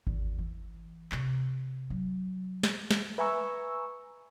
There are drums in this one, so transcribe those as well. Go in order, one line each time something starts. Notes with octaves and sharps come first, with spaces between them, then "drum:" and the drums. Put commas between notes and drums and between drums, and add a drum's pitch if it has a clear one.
E2, drum: kick G#1
E3
C3, drum: clap
F#3
drum: snare
drum: snare
B4 E5 G#5 A#5 C#6 E6